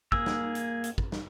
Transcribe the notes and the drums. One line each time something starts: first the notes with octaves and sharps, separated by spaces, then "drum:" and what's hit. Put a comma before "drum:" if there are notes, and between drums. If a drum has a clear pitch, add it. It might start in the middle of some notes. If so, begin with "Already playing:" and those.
A#3 G#4 E6, drum: kick
drum: snare
drum: hi-hat
drum: hi-hat
drum: kick
drum: snare